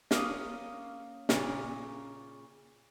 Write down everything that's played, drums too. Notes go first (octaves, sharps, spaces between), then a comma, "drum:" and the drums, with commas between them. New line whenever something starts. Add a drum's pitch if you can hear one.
A#3 C#4 D#6, drum: snare
A#2 C#3, drum: snare